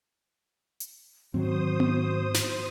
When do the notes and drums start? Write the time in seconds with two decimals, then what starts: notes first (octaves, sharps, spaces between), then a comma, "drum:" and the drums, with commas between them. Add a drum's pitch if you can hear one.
0.80 drum: hi-hat
1.34 G#2 D#3 F#3 C4 F#4 C5 D#6
1.80 drum: tom B3
2.34 drum: snare